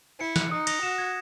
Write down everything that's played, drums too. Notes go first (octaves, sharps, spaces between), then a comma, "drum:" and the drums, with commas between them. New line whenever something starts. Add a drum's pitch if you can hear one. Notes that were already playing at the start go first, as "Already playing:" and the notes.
E4 C#7
F#6, drum: snare
D#4 D#6
A#6, drum: cymbal
F#4 E7
G#6